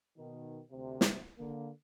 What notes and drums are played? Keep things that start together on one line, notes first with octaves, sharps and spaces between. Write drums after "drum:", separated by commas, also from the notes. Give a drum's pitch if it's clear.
B2 D#3
D2 C3
drum: snare
D3 A#3